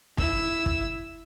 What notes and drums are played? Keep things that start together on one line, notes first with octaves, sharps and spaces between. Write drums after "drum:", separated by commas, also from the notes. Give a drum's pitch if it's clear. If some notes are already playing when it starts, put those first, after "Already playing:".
E4 E6, drum: kick
drum: kick